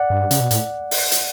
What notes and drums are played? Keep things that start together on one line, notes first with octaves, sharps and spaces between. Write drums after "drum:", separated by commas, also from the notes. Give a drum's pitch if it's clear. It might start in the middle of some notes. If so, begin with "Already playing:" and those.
Already playing: D5 F#5
G2
C#3, drum: hi-hat
B2
A2, drum: hi-hat
drum: open hi-hat
drum: hi-hat